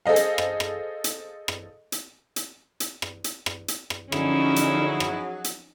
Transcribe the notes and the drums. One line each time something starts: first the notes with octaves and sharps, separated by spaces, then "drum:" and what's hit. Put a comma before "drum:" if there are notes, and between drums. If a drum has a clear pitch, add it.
G#4 A4 C5 D#5 F5
drum: hi-hat
drum: rim click
drum: rim click
drum: hi-hat
drum: rim click
drum: hi-hat
drum: hi-hat
drum: hi-hat
drum: rim click
drum: hi-hat
drum: rim click
drum: hi-hat
drum: rim click
D3 F3 F#3 C#4 D#4 E4 G#4, drum: rim click
drum: hi-hat
drum: rim click
drum: hi-hat